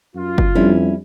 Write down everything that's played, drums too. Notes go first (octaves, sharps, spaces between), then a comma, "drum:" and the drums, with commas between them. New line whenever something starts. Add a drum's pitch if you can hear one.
F#2 F4
drum: kick F#1
F2 G3 C#4 D4 E4